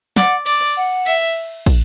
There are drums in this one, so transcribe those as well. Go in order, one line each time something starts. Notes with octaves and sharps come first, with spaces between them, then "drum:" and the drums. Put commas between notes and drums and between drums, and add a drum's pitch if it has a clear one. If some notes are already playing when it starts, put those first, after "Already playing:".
D5 F#5, drum: snare
D5, drum: cymbal
F#5
E5, drum: cymbal
drum: kick, cymbal